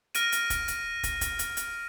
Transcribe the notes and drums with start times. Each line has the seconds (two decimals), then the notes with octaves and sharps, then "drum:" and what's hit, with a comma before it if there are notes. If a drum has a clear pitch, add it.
0.15 F6 A#6 D7 D#7, drum: hi-hat
0.32 drum: hi-hat
0.50 drum: kick, hi-hat
0.68 drum: hi-hat
1.03 drum: kick, hi-hat
1.21 drum: kick, hi-hat
1.39 drum: hi-hat
1.57 drum: hi-hat